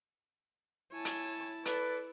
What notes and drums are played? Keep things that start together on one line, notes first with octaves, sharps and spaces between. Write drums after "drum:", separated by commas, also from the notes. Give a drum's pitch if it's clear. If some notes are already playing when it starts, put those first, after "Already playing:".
E4 C#5 G#5 A5
drum: hi-hat
A4 B4 D5, drum: hi-hat